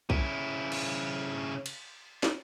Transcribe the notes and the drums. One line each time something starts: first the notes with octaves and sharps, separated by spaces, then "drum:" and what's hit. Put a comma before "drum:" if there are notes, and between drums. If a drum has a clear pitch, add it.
C#3 E4, drum: kick
drum: cymbal
drum: cymbal
drum: snare